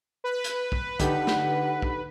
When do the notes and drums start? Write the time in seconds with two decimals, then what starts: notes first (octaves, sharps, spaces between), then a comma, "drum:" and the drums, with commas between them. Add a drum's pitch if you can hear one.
0.24 B4
0.44 drum: hi-hat
0.72 drum: kick
1.00 D3 D#4 G4 A4 F#5, drum: kick, hi-hat
1.27 drum: snare
1.82 drum: kick